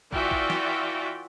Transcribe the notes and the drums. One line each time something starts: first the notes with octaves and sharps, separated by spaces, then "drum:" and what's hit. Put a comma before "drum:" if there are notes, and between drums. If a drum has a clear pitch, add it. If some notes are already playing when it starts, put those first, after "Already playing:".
E3 F4 F#4 D5 E5 G5, drum: kick
drum: kick
drum: snare